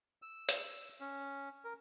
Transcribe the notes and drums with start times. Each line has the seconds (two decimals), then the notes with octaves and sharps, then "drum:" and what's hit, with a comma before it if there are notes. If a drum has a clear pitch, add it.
0.22 E6
0.49 drum: hi-hat
1.00 C#4
1.65 A#4